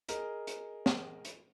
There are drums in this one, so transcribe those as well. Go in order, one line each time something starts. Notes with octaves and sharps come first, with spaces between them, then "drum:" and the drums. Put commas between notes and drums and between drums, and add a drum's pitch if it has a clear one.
G#4 A#4 D#5, drum: hi-hat
drum: hi-hat
drum: snare
drum: hi-hat